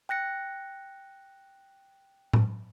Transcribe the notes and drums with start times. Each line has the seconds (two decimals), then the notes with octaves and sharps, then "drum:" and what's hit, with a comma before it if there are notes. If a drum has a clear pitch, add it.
0.09 G5 F#6 A#6 C#7
2.33 drum: tom A2